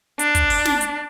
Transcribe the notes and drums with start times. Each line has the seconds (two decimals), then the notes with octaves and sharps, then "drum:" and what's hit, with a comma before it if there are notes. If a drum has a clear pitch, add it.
0.19 D4, drum: hi-hat
0.35 drum: kick, hi-hat
0.50 drum: open hi-hat
0.65 drum: snare
0.81 drum: hi-hat